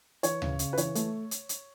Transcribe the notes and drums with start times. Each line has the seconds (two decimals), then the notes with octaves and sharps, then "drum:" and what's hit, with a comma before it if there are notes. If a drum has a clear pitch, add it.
0.23 E3 C#5, drum: hi-hat
0.42 C#3, drum: tom D2
0.59 C#3, drum: hi-hat
0.73 B4
0.77 E3 C#5, drum: hi-hat
0.95 A3, drum: hi-hat
1.31 drum: hi-hat
1.49 drum: hi-hat